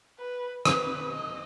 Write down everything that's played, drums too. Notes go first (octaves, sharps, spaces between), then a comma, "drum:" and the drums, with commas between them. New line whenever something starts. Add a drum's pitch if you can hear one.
B4
B4, drum: rim click
D#5